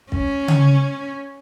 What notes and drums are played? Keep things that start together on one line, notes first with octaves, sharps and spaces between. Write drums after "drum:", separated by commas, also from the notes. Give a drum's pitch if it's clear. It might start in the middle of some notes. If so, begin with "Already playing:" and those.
C#4, drum: kick
drum: tom C#3